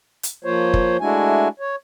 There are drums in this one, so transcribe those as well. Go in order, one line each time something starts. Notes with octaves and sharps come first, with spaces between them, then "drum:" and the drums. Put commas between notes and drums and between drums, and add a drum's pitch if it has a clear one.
drum: hi-hat
F3 A#3 F4 C5 C#5
drum: kick
G#3 A3 D4 E4 F#4 G#5
C#5